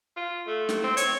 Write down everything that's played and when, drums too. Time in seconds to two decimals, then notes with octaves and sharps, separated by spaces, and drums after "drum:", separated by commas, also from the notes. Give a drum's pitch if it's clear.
0.17 F4
0.47 A3
0.69 drum: snare
0.84 C4
0.97 C#5, drum: hi-hat